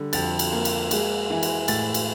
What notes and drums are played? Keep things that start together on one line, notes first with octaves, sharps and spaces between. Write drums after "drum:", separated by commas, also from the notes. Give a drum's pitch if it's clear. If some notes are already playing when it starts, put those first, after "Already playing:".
Already playing: D3 G3
F2 A6, drum: cymbal
drum: cymbal
A#3
drum: cymbal
G#3, drum: cymbal
E3
drum: cymbal
A2 A6, drum: cymbal
drum: cymbal